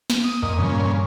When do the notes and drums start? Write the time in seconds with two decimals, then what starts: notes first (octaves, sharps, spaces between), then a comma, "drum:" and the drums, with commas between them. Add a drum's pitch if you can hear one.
0.10 drum: snare
0.24 D#6
0.42 F2 A#2 D#5
0.58 G2 A#2 C#3 E3 F3